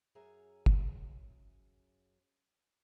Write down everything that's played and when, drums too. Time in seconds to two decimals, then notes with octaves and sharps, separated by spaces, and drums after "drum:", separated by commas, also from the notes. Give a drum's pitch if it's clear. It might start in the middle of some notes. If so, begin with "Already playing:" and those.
0.15 F#2 C#4 G#4 E5 A#5
0.66 drum: kick